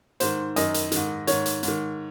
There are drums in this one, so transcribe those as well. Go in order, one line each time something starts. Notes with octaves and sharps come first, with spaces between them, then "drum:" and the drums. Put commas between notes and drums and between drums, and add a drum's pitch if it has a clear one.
G#2 D#3 C5, drum: hi-hat
F#2 D#3 D#5, drum: hi-hat
drum: hi-hat
G#2 D#3, drum: hi-hat
G#2 D#3 C#5, drum: hi-hat
drum: hi-hat
G#2, drum: hi-hat
D#3